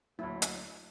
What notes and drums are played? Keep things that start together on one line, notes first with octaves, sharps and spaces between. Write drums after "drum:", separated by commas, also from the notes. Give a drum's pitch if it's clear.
F#1 D2 F#3 E4
drum: hi-hat